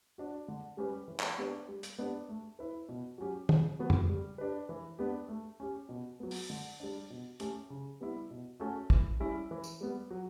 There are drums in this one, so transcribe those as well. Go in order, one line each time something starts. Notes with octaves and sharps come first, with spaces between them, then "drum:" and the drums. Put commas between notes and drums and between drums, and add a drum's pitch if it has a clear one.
D4 F#4
D3
G3 C#4 G4 B4
E3
drum: clap
B3 D4 G4 B4
G3
drum: hi-hat
B3 D4 G4
A3
E4 B4
B2
F#3 C#4 G4
C#3, drum: tom
F#3 B3 F#4 B4
drum: tom F2
G3
D4 G4 B4
E3
B3 D4 G4
A3
C#4 G4
B2
F#3 B3
drum: open hi-hat
D3
G3 D4
B2
A3 C#4 G4, drum: hi-hat
C#3
G3 B3 E4
B2
A3 C#4 F#4 A4
E3, drum: kick
G3 C#4 E4
E3
drum: tambourine
G3 B3
F#3